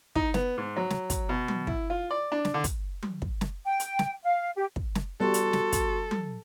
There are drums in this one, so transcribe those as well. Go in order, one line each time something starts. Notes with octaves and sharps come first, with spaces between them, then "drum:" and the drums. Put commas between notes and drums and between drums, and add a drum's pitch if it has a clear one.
D#4, drum: kick
B3, drum: snare
G#2
F#3
drum: snare
drum: kick, hi-hat
B2
drum: tom F#3
E4, drum: kick
F4
D5
D4
drum: snare
D3
drum: kick, hi-hat
drum: tom F#3
drum: kick
drum: snare
G5
drum: hi-hat
drum: snare
F5
G4
drum: kick
drum: snare
G3 B3 F#4 A4 C6 C#6
drum: hi-hat
drum: snare
drum: kick, hi-hat
drum: tom F#3